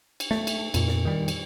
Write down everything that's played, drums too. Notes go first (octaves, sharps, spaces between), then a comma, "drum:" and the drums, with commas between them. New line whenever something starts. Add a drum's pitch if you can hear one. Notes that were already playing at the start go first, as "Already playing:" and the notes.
drum: cymbal
A3, drum: snare
drum: cymbal
F2 A#2, drum: cymbal
drum: snare
D#3 G3
drum: cymbal